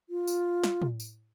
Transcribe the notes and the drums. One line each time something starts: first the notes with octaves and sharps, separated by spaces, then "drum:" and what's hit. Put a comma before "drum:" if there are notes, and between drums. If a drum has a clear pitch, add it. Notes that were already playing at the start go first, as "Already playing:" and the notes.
F4
drum: tambourine
drum: snare
drum: tom
drum: tambourine